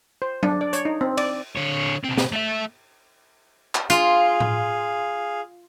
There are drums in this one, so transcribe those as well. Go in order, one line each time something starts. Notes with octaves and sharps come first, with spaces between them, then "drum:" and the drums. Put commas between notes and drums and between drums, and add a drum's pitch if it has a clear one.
C5
D4, drum: tom F#3
D5
C#5, drum: hi-hat
D#4
C4
D5, drum: cymbal
D3 C#5
B2 C4
drum: snare
A3 E5
drum: clap
F4 G#4 F5, drum: hi-hat
drum: tom A2